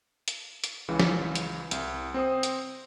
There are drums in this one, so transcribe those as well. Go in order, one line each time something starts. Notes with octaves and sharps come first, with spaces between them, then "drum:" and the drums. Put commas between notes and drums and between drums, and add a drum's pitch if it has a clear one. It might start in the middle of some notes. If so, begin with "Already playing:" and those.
drum: hi-hat
drum: hi-hat
C#2 C#3 E3
drum: snare
drum: hi-hat
C2, drum: hi-hat
C4 C5 D#6
drum: hi-hat